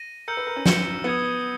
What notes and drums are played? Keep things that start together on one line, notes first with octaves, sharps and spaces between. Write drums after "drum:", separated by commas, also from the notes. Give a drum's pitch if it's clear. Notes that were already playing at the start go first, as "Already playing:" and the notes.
Already playing: A#6 D#7
A#4 E6 G6 C#7
B4
A#4
C#4
G6 C#7 E7 G7, drum: snare
B3 D#6 G#6 C#7